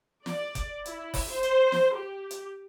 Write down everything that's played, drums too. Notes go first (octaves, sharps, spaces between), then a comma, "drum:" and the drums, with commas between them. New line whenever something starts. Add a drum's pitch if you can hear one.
D5, drum: snare
drum: kick F#1, hi-hat
E4, drum: hi-hat
drum: kick F#1, open hi-hat
C5
drum: hi-hat
drum: snare
G4
drum: hi-hat